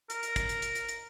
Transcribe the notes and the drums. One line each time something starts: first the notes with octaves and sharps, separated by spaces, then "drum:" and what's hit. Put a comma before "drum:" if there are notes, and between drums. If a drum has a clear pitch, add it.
A#4, drum: hi-hat
drum: hi-hat
drum: kick, hi-hat
drum: hi-hat
drum: hi-hat
drum: hi-hat
drum: hi-hat